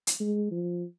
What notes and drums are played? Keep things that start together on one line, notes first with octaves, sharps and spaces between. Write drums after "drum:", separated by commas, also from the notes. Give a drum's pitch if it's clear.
drum: hi-hat
G#3
F3